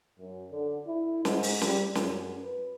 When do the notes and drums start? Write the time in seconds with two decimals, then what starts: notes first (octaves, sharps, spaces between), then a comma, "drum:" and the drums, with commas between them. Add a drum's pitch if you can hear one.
0.19 F#2
0.52 D3
0.88 E4
1.25 G#2, drum: snare
1.43 drum: open hi-hat
1.62 G3, drum: snare
1.95 F#2, drum: snare
2.41 B4